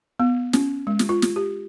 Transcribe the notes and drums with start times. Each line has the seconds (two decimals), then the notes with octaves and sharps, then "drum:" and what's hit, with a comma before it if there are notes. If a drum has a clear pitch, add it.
0.20 B3
0.53 C#4, drum: snare
0.87 G#3
0.99 drum: snare
1.09 F4
1.22 drum: snare
1.36 G4